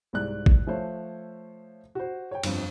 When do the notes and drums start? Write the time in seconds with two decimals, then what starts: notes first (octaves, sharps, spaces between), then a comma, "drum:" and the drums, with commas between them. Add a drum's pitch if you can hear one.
0.13 C2 G#2 D5 F#6
0.46 drum: kick
0.67 F3 A3 A4 C5 C#5
1.95 F#4 C5
2.31 C#5 G5
2.43 G1 F2, drum: cymbal